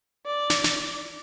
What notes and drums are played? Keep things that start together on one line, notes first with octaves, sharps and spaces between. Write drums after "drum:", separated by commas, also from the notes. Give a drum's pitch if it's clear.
D5
drum: snare
drum: snare